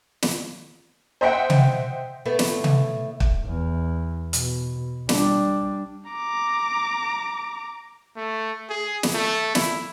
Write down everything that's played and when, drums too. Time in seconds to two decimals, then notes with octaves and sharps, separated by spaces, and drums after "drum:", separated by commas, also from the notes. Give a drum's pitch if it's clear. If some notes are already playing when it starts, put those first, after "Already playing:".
0.22 drum: snare
1.21 C5 D#5 E5 F#5 G5
1.50 drum: tom C3
2.25 A2 A3 B3
2.39 drum: snare
2.64 drum: tom C3
3.20 drum: kick
3.45 E2
4.33 B2, drum: hi-hat
5.09 G3 D4, drum: snare
6.11 A#5 D6
8.16 A3
8.69 G#4
9.03 drum: snare
9.14 A3
9.55 E4, drum: snare